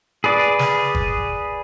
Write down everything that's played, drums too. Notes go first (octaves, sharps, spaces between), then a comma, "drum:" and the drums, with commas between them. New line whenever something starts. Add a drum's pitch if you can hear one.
G#4 B4 D5
drum: snare
drum: kick